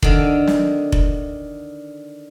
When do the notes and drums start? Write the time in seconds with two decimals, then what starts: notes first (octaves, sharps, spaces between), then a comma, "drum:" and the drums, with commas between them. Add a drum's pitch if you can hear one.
0.02 D3 D#3, drum: kick F1
0.47 drum: snare
0.92 drum: kick F1